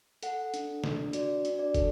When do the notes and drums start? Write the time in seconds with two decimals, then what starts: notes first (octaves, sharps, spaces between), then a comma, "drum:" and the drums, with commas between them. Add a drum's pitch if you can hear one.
0.23 A4 F#5, drum: hi-hat
0.54 D4, drum: hi-hat
0.84 D4, drum: snare
1.13 F#4 D5, drum: hi-hat
1.45 D4, drum: hi-hat
1.59 D5
1.74 A4, drum: kick, hi-hat